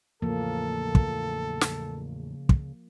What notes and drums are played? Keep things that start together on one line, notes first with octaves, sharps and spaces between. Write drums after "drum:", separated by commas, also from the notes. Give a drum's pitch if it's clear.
E2 A2 C#3 F3 A#3 A4
drum: kick
drum: snare
drum: kick